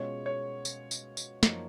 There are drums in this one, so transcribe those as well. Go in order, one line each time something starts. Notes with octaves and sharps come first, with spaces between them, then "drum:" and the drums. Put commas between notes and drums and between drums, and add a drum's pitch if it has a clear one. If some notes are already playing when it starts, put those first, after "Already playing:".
Already playing: B2 G#3 C#4 F4 G#4 C#5
C#5
drum: tambourine
drum: tambourine
drum: tambourine
F#2 F3 A#3 D#4, drum: snare